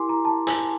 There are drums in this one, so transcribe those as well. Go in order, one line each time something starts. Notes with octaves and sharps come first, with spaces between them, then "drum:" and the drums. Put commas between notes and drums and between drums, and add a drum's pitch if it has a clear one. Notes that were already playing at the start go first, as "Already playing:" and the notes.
Already playing: E4 G4 A#4 G#5 C6 D6
A#5
A5
G#5, drum: hi-hat